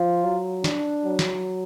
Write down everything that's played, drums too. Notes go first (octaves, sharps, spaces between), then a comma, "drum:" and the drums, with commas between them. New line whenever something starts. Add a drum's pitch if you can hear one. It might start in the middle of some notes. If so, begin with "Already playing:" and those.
Already playing: F3 F4
F#3
D4, drum: snare
F#3
drum: snare